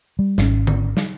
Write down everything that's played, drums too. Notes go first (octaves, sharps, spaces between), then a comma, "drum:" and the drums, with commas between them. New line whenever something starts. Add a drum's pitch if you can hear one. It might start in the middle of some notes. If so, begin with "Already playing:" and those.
G3
G#1 C#4, drum: snare
drum: tom D3
drum: snare